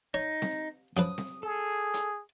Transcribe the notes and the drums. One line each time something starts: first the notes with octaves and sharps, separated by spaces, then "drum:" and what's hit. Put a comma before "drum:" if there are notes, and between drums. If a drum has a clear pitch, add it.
D#4 C#5
drum: snare C4
F#2 F3 B4 D#6
drum: snare C4
G#4 A4
drum: hi-hat